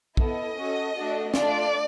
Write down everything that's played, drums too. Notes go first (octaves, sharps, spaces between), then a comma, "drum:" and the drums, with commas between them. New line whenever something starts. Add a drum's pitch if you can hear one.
B3 E4 A4 D#5, drum: kick
C#4 F#4 A4
A3 D4 F#4 A4
A3 D4 F4 D5, drum: snare